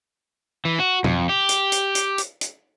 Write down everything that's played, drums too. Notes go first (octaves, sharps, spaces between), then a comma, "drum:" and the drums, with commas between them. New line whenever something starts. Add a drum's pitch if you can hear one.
E3
F#4
F2, drum: tom
G4
drum: hi-hat
drum: hi-hat
drum: hi-hat
drum: hi-hat
drum: hi-hat